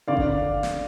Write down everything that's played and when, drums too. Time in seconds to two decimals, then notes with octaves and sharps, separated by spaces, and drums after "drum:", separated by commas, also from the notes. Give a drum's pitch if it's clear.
0.08 D3 D5 F5
0.17 drum: kick G1
0.63 drum: snare